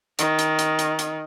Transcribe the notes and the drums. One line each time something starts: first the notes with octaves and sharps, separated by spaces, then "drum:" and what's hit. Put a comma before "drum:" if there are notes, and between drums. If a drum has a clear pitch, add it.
D#3, drum: hi-hat
drum: hi-hat
drum: hi-hat
drum: hi-hat
drum: hi-hat